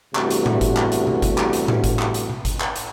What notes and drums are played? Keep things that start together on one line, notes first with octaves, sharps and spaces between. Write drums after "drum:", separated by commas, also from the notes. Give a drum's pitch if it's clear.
E2 G2 C3 A3 F#4, drum: clap
drum: hi-hat
drum: tom A2
drum: kick G1, hi-hat
drum: clap
drum: hi-hat
drum: tom B2
drum: kick G1, hi-hat
drum: clap
drum: hi-hat
drum: tom A2
drum: kick G1, hi-hat
drum: clap
drum: hi-hat
drum: tom B2
drum: kick G1, hi-hat
drum: clap
drum: hi-hat